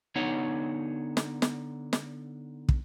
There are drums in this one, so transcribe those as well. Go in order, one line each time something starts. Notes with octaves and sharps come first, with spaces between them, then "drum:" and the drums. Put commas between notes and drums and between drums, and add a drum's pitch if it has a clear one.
D3 B3 D#4 C#5 F#5
drum: snare
drum: snare
drum: snare
drum: kick